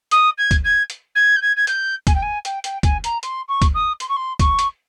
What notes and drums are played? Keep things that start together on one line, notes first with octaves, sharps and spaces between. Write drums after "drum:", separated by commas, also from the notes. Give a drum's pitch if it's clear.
D#6, drum: hi-hat
G#6
drum: kick, hi-hat
G#6
drum: hi-hat
G#6
G6
G#6
G#6
G6, drum: hi-hat
G#5, drum: kick, hi-hat
G5
G#5
G5, drum: hi-hat
G5, drum: hi-hat
G#5, drum: kick, hi-hat
A#5, drum: hi-hat
C6, drum: hi-hat
C#6
drum: kick, hi-hat
D#6
C6, drum: hi-hat
C#6
C6
C#6, drum: kick, hi-hat
drum: hi-hat